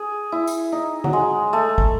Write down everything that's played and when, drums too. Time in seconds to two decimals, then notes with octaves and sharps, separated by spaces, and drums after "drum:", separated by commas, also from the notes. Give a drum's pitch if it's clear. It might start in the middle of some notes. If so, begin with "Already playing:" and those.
Already playing: G#4
0.32 E4
0.47 drum: tambourine
0.72 D#4
1.04 F#3, drum: tom D3
1.13 G#3
1.53 A3
1.78 drum: kick